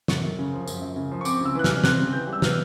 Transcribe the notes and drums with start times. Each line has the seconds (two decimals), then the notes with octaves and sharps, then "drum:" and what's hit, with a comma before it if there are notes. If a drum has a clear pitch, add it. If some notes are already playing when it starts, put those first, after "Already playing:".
0.08 F#2 C#6, drum: snare
0.23 F#2
0.39 C#3
0.53 F3
0.67 F#2, drum: tambourine
0.82 F#2
0.96 C#3
1.11 F3
1.21 C#6
1.25 C4 D6, drum: tambourine
1.41 C#3 E6
1.55 E3 F#6
1.64 F6, drum: snare
1.69 G3
1.84 C4 F#6, drum: snare
1.99 C#3
2.13 E3 G6
2.27 G3
2.33 E6
2.42 B3 F6, drum: snare